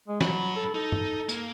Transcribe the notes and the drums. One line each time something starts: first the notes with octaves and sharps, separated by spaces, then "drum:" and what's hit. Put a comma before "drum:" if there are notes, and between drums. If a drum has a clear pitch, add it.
G#3
G2 F#3 B5, drum: snare
A4
D#4 A4
drum: tom G2
A#3, drum: tambourine